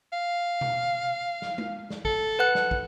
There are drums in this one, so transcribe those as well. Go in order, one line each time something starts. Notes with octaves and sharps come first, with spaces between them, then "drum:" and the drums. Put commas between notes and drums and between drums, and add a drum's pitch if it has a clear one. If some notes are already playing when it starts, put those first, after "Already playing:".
F5
drum: tom B2
drum: snare
drum: tom G#3
drum: snare
A4, drum: kick
B4 F#5 F#6
drum: snare
drum: kick